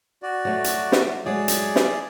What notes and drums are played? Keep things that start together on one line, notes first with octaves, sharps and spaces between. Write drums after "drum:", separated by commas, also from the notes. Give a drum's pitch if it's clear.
F#4 D5
F#3 A3
drum: hi-hat
drum: snare
F#3 G#3 A3 G#4 D5
drum: hi-hat
drum: snare